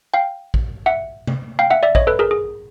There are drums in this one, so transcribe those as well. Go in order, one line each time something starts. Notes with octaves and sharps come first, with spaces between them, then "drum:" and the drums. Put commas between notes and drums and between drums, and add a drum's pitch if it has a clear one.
F5 G5
drum: kick
E5 F#5
drum: tom C3
F5 G5
E5 F#5
D5 E5
C#5 D#5, drum: kick
A4 B4
G#4 A#4
G#4